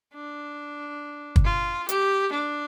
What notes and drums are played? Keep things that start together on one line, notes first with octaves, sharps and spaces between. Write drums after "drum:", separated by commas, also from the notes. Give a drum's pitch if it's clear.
D4
drum: kick
F4
G4, drum: hi-hat
D4